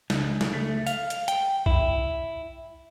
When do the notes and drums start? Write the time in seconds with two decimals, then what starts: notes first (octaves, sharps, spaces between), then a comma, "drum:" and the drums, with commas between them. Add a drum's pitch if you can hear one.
0.10 C#2, drum: snare
0.41 drum: snare
0.53 A3
0.87 F5, drum: tambourine
1.10 drum: hi-hat
1.28 G5, drum: hi-hat
1.66 E4, drum: kick B1